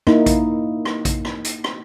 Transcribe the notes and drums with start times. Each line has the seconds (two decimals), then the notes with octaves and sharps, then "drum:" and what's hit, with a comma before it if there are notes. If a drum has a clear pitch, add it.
0.07 A#3 D#4 E4, drum: rim click
0.26 drum: kick A#1, hi-hat
0.85 drum: rim click
1.05 drum: kick A#1, hi-hat
1.25 drum: rim click
1.44 drum: hi-hat
1.64 drum: rim click